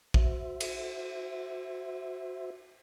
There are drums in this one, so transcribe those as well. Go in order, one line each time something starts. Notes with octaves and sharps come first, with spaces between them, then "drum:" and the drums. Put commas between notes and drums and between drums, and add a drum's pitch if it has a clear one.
F#4 C5 E5, drum: kick A#1
drum: cymbal